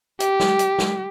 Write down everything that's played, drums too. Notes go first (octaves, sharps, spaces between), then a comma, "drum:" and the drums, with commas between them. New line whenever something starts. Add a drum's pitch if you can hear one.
G4, drum: hi-hat
drum: snare
drum: hi-hat
drum: snare